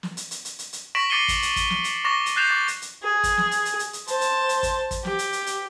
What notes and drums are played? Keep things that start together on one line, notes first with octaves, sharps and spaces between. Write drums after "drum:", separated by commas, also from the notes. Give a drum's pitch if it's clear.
drum: snare
drum: hi-hat
drum: hi-hat
drum: hi-hat
drum: hi-hat
drum: hi-hat
C#6 A#6 B6 D7 E7 F#7
D6 A6 C7 C#7 D#7 G7
drum: kick, hi-hat
drum: hi-hat
drum: kick, hi-hat
drum: snare
drum: hi-hat
C#6 D6 A6 A#6 E7
drum: hi-hat
F#6 G6 A6 C7 E7 F7
D6 A6 C7
drum: hi-hat
drum: hi-hat
G#4
drum: kick, hi-hat
drum: snare
drum: hi-hat
drum: hi-hat
drum: hi-hat
drum: hi-hat
C5 A5, drum: hi-hat
drum: hi-hat
drum: hi-hat
drum: kick, hi-hat
drum: kick, hi-hat
G4, drum: snare
drum: hi-hat
drum: hi-hat
drum: hi-hat